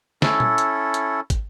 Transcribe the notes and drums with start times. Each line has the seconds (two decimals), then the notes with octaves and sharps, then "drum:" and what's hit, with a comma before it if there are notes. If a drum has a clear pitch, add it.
0.22 C#4 E4 A4, drum: snare
0.40 drum: tom A#2
0.58 drum: hi-hat
0.94 drum: hi-hat
1.30 drum: kick, hi-hat